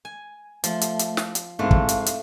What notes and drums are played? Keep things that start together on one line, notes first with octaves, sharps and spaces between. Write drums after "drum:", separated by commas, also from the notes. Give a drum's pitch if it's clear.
G#5
F3 A3, drum: hi-hat
drum: hi-hat
drum: hi-hat
drum: snare
drum: hi-hat
C2 G#2 A3 F5
drum: kick
drum: hi-hat
drum: hi-hat